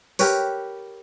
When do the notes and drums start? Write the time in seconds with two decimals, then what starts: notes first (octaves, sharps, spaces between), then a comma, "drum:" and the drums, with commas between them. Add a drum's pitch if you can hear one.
0.19 G4 A#4 B4 C#5, drum: open hi-hat